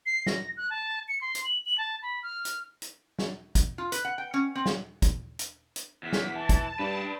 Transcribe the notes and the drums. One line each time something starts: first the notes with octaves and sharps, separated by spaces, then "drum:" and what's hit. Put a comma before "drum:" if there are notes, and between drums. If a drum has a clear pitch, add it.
C7
A#6, drum: snare
F#6
A5
C#7
C6
drum: hi-hat
F#7
F#7
A5
B5
F6
drum: hi-hat
drum: hi-hat
drum: snare
drum: kick, hi-hat
F4
B4, drum: hi-hat
F#5
G5
C#4
C4
drum: snare
drum: kick, hi-hat
drum: hi-hat
drum: hi-hat
E2 B6
drum: snare
E3 A5
drum: kick, hi-hat
G2 B4 D5 B5